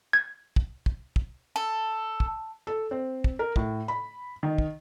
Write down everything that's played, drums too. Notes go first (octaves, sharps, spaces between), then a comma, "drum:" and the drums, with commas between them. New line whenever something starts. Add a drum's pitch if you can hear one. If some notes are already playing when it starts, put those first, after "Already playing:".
G#6
drum: kick
drum: kick
drum: kick
A4
drum: kick
A4
C4
drum: kick
A#4
A2, drum: kick
B5
D#3
drum: kick